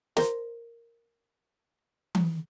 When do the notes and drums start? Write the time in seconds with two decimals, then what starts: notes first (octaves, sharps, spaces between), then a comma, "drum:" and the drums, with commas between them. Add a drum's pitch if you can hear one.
0.17 A#4 C5, drum: snare
2.15 drum: tom E3